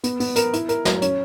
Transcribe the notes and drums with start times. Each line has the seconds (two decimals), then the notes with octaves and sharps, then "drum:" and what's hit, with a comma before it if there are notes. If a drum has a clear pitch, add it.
0.04 B3, drum: hi-hat
0.20 B3, drum: open hi-hat
0.36 A#4, drum: hi-hat
0.53 E4, drum: hi-hat
0.69 A#4, drum: hi-hat
0.85 F#3, drum: snare
1.02 C#4, drum: hi-hat